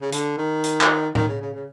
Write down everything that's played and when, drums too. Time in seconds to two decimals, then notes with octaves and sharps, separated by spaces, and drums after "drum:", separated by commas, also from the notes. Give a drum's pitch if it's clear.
0.01 C#3
0.12 D3, drum: hi-hat
0.38 D#3
0.64 drum: hi-hat
0.81 drum: clap
1.15 D#3, drum: tom A2
1.28 C#3
1.41 C#3
1.54 C#3